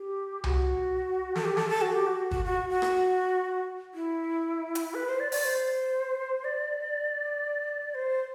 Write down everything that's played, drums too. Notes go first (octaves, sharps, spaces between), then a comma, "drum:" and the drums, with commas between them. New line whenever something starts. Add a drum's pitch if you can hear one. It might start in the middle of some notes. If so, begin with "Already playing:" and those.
Already playing: G4
F#4, drum: tom C2
A4, drum: snare
G4
A4, drum: snare
A4
F#4
G4
F#4
F#4, drum: kick
F#4
F#4
drum: rim click
E4
drum: hi-hat
B4
C5
D5
D5, drum: open hi-hat
C5
D5
C5